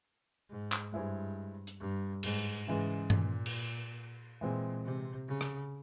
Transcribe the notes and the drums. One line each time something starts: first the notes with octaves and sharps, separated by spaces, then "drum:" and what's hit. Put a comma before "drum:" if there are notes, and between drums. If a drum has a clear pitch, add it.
G#2
drum: clap
G2 G#3 E4 G#4 C5
drum: hi-hat
G2
G#2, drum: cymbal
G#2 C#3 E3 G#3
A#2, drum: tom G2
drum: cymbal
A#2 E3 G#3 C4
C3
C#3
drum: rim click